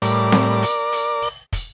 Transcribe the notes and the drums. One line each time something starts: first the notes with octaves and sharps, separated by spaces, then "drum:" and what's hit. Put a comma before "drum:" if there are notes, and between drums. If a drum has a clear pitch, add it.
A2 G3 A#4 D5, drum: hi-hat
drum: snare C4
drum: hi-hat
drum: hi-hat
drum: open hi-hat
drum: kick, hi-hat